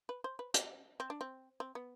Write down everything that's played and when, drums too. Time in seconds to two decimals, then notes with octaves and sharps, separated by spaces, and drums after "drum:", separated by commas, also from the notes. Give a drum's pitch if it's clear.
0.09 B4
0.24 C5
0.39 B4
0.54 G4, drum: hi-hat
1.00 C4
1.10 D4
1.21 C4
1.60 C4
1.75 B3